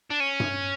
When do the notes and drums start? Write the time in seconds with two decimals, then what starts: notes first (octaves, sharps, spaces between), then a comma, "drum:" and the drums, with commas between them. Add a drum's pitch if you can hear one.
0.10 D4
0.20 C#4
0.40 drum: tom G2